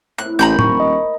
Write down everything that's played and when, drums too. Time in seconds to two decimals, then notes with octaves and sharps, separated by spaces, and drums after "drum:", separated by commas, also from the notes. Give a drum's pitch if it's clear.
0.18 A2 C3 A#3 F#6
0.39 A1 A#4 A#5 B5 G6
0.59 D#1 C#6, drum: tom
0.80 D#5